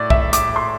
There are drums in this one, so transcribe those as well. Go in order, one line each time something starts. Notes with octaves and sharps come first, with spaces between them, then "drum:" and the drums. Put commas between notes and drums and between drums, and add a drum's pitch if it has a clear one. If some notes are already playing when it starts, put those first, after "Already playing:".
Already playing: A2 D5
E5, drum: kick
D6, drum: hi-hat
C6